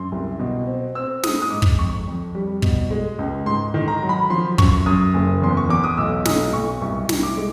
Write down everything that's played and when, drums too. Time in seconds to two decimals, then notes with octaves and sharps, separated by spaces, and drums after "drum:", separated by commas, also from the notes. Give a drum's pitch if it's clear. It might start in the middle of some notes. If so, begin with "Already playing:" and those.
Already playing: F#2 C6
0.12 C2
0.39 B2
0.67 C4
0.95 C4 E6
1.23 G#3 D#6, drum: snare
1.42 D#6
1.51 G#2 D6
1.62 drum: kick
1.78 F2 C#6
2.07 F2
2.35 G3
2.62 B2, drum: kick
2.91 G#3
3.19 C#2
3.46 G#2 C6
3.74 D#3
3.88 A#5
4.02 F#3
4.09 B5
4.30 F3 C6
4.58 F#2 C#6, drum: kick
4.86 F#2 D#6
5.14 F#1
5.42 E2 C6
5.57 C#6
5.69 E2 D6
5.84 D#6
5.97 B1 E6
6.25 B1 D#6, drum: snare
6.53 B1 C#6
6.82 C2 C#6
7.09 C2, drum: snare
7.23 D6
7.37 G#3